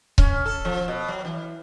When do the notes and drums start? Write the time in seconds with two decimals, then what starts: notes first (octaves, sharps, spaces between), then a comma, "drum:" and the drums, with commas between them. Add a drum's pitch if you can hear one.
0.18 C#4, drum: kick C#1
0.45 A4
0.65 F3
0.88 B2
1.08 F#3
1.25 E3